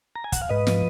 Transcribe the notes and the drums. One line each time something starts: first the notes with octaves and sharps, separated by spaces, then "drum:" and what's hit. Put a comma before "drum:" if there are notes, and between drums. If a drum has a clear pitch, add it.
A#5
G#5
F#5, drum: kick, hi-hat
F5
G#2 B4 D#5
F3, drum: snare